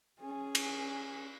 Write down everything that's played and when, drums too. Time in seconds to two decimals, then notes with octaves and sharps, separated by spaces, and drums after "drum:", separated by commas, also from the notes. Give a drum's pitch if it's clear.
0.20 C#4 G#4
0.55 drum: cymbal